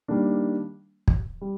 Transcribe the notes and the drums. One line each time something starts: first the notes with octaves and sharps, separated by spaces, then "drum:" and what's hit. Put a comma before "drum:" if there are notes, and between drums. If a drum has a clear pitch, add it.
D#3 G3 A#3 D4
drum: kick
G3